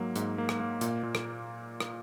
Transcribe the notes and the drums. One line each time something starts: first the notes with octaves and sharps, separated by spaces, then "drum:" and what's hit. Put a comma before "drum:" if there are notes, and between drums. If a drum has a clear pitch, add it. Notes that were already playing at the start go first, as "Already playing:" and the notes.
Already playing: G#2 F#3 A#3
G#2, drum: hi-hat
A#3
drum: rim click
A#3
A#2, drum: hi-hat
A#2
drum: rim click
drum: rim click